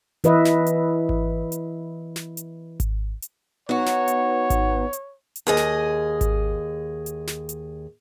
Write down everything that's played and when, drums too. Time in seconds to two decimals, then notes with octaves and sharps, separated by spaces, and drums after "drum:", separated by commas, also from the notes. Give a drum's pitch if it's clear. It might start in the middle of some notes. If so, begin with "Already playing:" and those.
0.24 E3 B4 D#5 E5, drum: hi-hat
0.45 drum: snare
0.66 drum: hi-hat
1.09 drum: kick G#1
1.52 drum: hi-hat
2.16 drum: snare
2.37 drum: hi-hat
2.80 drum: kick G#1, hi-hat
3.22 drum: hi-hat
3.69 F#3 B3 D#4 F#4 B4 C#5
3.86 drum: snare
4.08 drum: hi-hat
4.50 drum: kick G#1, hi-hat
4.93 drum: hi-hat
5.36 drum: hi-hat
5.47 D#2 G#4 D#5
5.57 drum: snare
6.21 drum: kick G#1, hi-hat
7.06 drum: hi-hat
7.27 drum: snare
7.49 drum: hi-hat